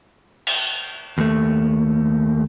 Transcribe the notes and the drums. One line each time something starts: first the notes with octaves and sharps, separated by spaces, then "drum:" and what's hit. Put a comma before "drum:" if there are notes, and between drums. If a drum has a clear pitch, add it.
drum: cymbal
D#2 A3